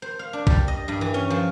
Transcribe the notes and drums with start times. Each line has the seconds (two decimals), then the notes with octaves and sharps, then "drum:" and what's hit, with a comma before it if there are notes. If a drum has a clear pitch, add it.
0.02 C5
0.19 F5
0.33 D4
0.47 G3, drum: kick A#1
0.68 D#5
0.88 G2
1.01 E3
1.14 C#4
1.30 F3